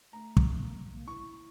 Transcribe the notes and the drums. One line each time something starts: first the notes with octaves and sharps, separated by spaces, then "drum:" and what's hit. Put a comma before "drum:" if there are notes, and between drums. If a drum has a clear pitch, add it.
A3 A#5
drum: kick
A#3
A#3
E4 C#6